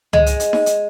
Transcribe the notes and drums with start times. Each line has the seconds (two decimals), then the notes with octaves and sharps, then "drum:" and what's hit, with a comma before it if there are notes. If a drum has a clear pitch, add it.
0.13 G#3, drum: tom
0.26 drum: hi-hat
0.40 drum: hi-hat
0.53 drum: snare D#4
0.66 drum: hi-hat